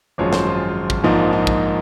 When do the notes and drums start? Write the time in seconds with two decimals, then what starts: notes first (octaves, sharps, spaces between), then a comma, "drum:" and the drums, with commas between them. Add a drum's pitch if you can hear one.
0.18 G#1 F#2 F3 G#3 C#5
0.33 C5, drum: snare
0.47 F4
0.90 drum: kick
1.04 A#1 G#2 F3 A#3 D#4
1.33 D#4
1.47 drum: kick